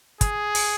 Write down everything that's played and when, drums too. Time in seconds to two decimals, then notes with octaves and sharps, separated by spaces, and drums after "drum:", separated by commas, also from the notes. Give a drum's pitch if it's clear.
0.21 G#4, drum: kick, hi-hat
0.55 drum: open hi-hat